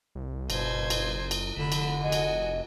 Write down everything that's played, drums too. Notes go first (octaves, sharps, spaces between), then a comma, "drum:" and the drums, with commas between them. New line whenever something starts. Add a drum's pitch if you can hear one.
C2
F#1 G2 B2 C5 G#6, drum: cymbal
drum: cymbal
drum: cymbal
F1 D3 B5 E7
drum: cymbal
F#4 D#5 G#5
drum: cymbal